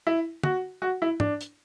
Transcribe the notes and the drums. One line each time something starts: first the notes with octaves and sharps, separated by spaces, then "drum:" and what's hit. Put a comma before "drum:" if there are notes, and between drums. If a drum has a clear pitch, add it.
E4
F#4, drum: tom
F#4
E4
D4, drum: tom
drum: hi-hat